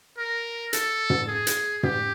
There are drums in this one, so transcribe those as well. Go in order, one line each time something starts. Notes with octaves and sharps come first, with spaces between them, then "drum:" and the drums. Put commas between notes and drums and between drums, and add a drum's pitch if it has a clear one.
A#4
A4, drum: hi-hat
drum: tom
G#4
drum: hi-hat
G4, drum: tom